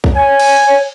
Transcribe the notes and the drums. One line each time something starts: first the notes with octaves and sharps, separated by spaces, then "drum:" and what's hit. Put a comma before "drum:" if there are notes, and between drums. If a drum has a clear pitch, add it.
drum: kick
C#5 G#5
drum: cymbal